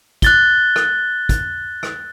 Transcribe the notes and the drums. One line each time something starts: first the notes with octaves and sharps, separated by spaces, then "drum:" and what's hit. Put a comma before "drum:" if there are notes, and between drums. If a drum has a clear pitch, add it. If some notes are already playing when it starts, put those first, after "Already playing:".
F#6 A6 G7, drum: kick, hi-hat
drum: rim click
drum: kick, hi-hat
drum: rim click